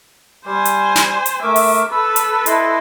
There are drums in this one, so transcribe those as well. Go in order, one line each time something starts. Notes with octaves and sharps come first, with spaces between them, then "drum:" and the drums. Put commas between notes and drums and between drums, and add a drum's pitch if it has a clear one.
G3 C5 G#5
drum: hi-hat
drum: snare
drum: hi-hat
A3 A#4 E5 D6
drum: open hi-hat
A4 B4 B5 E6
drum: hi-hat
E4 D#5 C6, drum: hi-hat